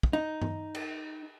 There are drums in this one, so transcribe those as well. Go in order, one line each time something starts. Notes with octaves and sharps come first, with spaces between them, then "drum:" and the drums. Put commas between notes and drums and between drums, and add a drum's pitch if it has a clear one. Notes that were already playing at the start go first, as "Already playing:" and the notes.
drum: kick
D#4
drum: tom G2
drum: cymbal